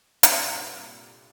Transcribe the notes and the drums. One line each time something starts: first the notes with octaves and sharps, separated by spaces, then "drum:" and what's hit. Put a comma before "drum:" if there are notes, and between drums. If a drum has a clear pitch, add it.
C2 G2 A#2 G3 D4 A4, drum: hi-hat
C2 A#2 G3 D4 A4